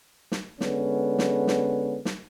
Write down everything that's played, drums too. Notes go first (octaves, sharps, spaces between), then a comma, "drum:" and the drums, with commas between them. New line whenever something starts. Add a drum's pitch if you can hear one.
drum: snare
D3 G#3 B3 C#4, drum: snare
drum: snare
drum: snare
drum: snare